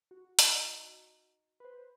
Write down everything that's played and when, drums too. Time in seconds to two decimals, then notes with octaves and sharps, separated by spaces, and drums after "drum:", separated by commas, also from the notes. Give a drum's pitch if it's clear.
0.11 F#4
0.39 D#4, drum: hi-hat
1.60 B4 C5